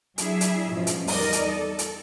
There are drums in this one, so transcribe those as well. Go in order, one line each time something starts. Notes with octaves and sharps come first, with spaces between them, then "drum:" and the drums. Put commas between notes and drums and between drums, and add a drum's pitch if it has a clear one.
F#3 D4 E4 G#4 E5, drum: hi-hat
drum: hi-hat
G#2 B2 F3 C#4
drum: hi-hat
E2 G3 D#4 A#4 D5 D#5, drum: open hi-hat
drum: hi-hat
A4
drum: hi-hat